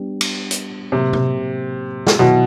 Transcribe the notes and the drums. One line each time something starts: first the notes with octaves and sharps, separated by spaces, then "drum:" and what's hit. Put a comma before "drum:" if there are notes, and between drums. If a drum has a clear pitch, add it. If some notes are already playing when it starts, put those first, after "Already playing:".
Already playing: G3 B3 D4 G4
drum: cymbal
drum: hi-hat
A2 C3 F#3 A#3
drum: tom B2
drum: snare
B2 D#3 F#3 B3 E4